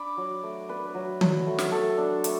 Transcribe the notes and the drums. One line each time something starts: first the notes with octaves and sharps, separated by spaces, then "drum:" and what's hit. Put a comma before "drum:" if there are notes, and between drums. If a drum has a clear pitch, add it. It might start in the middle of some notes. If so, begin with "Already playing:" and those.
Already playing: D4 B5 D6
F#3
A3
D4 B4
F#3
F#3, drum: tom D#3
A3
drum: snare
A3 A4
D4
A3, drum: hi-hat